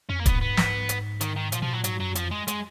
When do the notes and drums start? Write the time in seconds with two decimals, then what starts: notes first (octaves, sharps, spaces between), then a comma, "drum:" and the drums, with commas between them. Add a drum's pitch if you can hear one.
0.09 F2 C#4
0.19 A#3
0.26 G#2 B3, drum: kick, hi-hat
0.41 B3
0.57 drum: snare
0.89 drum: hi-hat
1.21 D#3, drum: hi-hat
1.36 D#3
1.52 A#2 F3, drum: hi-hat
1.62 B2 F3
1.73 A#2 F#3
1.84 G#2 F#3, drum: hi-hat
2.00 F#2 F#3
2.15 F2 F3, drum: hi-hat
2.31 G#3
2.48 G#3, drum: hi-hat